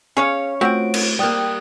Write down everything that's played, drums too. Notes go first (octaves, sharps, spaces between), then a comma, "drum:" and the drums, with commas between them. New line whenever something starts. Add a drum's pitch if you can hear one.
C#4 G#4 C#5 F5
A3 C4 F4 F#4 D7
drum: cymbal
G3 A#3 G5 D#6 F#6